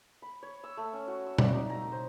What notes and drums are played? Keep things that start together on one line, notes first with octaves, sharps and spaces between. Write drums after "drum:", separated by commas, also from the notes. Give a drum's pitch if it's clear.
B5
C#5
E6
A3
C#4
F#4
E6
D5, drum: tom B2
D#4
A#5
C5